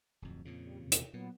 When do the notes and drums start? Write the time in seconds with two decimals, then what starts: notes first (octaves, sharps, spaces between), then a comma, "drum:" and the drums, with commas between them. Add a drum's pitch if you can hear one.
0.22 D1 F2
0.45 F2 A#2 C#3
0.66 G3
0.81 E2 C3
0.92 drum: hi-hat
1.14 A#2 F#3 B3